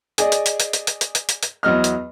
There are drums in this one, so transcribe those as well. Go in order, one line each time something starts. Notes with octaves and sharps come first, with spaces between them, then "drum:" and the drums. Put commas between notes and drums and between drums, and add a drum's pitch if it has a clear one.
G#4 D5 D#5, drum: hi-hat
drum: hi-hat
drum: hi-hat
drum: hi-hat
drum: hi-hat
drum: hi-hat
drum: hi-hat
drum: hi-hat
drum: hi-hat
drum: hi-hat
E2 F#3 D#5 F6
drum: hi-hat